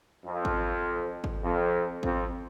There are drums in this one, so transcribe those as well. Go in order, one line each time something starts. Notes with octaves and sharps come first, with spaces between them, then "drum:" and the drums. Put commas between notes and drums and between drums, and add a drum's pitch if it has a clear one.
F2
drum: kick G#1
drum: kick G#1
F2
F2, drum: kick G#1